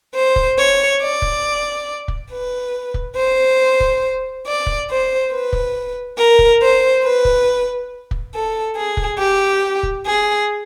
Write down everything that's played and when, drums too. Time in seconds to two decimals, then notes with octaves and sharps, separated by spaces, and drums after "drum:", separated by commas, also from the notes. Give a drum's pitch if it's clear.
0.15 C5
0.36 drum: kick
0.57 C#5
1.01 D5
1.22 drum: kick
2.08 drum: kick
2.30 B4
2.94 drum: kick
3.16 C5
3.80 drum: kick
4.45 D5
4.67 drum: kick
4.89 C5
5.31 B4
5.53 drum: kick
6.17 A#4
6.39 drum: kick
6.60 C5
7.03 B4
7.25 drum: kick
8.11 drum: kick
8.33 A4
8.76 G#4
8.97 drum: kick
9.18 G4
9.83 drum: kick
10.05 G#4